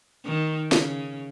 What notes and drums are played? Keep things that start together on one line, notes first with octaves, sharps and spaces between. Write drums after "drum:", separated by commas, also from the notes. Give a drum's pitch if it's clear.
D#3
C#3, drum: snare